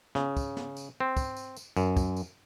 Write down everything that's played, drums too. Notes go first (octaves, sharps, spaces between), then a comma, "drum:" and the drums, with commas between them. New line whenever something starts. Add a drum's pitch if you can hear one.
C#3, drum: snare
drum: kick, tambourine
drum: snare
drum: tambourine
C4
drum: kick, tambourine
drum: tambourine
drum: tambourine
F#2, drum: tambourine
drum: kick, tambourine
drum: tambourine